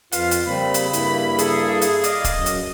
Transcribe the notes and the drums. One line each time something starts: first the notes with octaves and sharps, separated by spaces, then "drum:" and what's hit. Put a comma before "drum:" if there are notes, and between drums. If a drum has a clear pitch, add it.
F2 F4 B4 F5, drum: hi-hat
drum: hi-hat
C#3 G3 A#3 C4 B5
drum: hi-hat
G2 A#3 E4, drum: hi-hat
G#4 A4, drum: hi-hat
drum: hi-hat
D5 D#5 F5, drum: hi-hat
drum: kick, hi-hat
F#2
drum: hi-hat